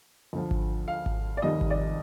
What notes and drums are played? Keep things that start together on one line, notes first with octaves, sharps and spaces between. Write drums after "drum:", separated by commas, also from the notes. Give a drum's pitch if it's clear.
D2 D3 F3
drum: kick G#1
F5
drum: kick G#1
D5
F1 D#2 D#3 G3 D#5
drum: kick G#1
D5